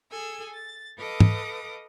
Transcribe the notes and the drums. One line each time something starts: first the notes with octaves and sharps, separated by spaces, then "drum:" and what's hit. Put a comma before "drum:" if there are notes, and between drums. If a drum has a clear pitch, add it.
G#4 A4 G#5 E6
A6
A4 B4 D#5 F5 D6 D#6
drum: tom